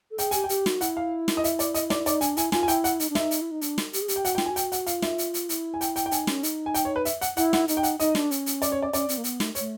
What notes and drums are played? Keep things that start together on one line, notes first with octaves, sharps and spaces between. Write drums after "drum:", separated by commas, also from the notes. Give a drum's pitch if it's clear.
A4
G#4 G5, drum: hi-hat
G4 G#5, drum: hi-hat
G5
G4, drum: hi-hat
F#4, drum: snare
E4 F#5, drum: hi-hat
F5
drum: snare
D#5
E5, drum: hi-hat
D5, drum: hi-hat
D#5, drum: hi-hat
D5, drum: snare
D#4 D5, drum: hi-hat
D4 G#5, drum: hi-hat
E4 G#5, drum: hi-hat
F4 G#5, drum: snare
G#5
E4 G5, drum: hi-hat
F#5, drum: hi-hat
D#4, drum: hi-hat
D4
D#4 E5, drum: snare
drum: hi-hat
E4
D#4
D4, drum: hi-hat
drum: snare
G4, drum: hi-hat
G#4
G4, drum: hi-hat
G5
F#4 F#5, drum: hi-hat
G5
F4, drum: snare
G#5
F#4
G5, drum: hi-hat
F#5, drum: hi-hat
F4 F5, drum: hi-hat
E5, drum: snare
drum: hi-hat
drum: hi-hat
E4, drum: hi-hat
G#5
G5, drum: hi-hat
G5, drum: hi-hat
G5
D#4 G#5, drum: hi-hat
C#4, drum: snare
D#4, drum: hi-hat
G#5
G5, drum: hi-hat
C#5
B4
E5, drum: hi-hat
F#5, drum: hi-hat
E4 F#5, drum: hi-hat
F#5, drum: snare
D#4, drum: hi-hat
G5
F#5, drum: hi-hat
D#4 D#5, drum: hi-hat
D4, drum: snare
C#4, drum: hi-hat
drum: hi-hat
D5, drum: hi-hat
C#5
D5
C#4 D5, drum: hi-hat
C4, drum: hi-hat
A#3
B3, drum: hi-hat
A3, drum: snare
C#5, drum: hi-hat
A3